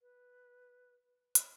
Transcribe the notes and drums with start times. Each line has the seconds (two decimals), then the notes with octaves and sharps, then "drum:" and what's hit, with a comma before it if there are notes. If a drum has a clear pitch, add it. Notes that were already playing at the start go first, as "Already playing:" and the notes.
0.01 B4
1.35 C#5, drum: hi-hat